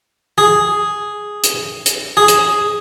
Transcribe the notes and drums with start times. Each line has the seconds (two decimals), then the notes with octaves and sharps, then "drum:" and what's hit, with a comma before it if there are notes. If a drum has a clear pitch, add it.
0.38 G#4
1.44 drum: hi-hat
1.86 drum: hi-hat
2.17 G#4
2.28 drum: hi-hat